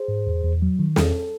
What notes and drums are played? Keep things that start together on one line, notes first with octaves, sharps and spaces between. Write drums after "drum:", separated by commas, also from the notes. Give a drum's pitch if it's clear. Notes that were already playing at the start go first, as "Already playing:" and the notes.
Already playing: G#4 C5
G#2
E2
E2
F#3
D#3
E2 A4, drum: snare